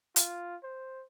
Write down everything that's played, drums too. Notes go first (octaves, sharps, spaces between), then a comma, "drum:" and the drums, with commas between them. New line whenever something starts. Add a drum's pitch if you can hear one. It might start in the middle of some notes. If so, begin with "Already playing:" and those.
F4, drum: hi-hat
C5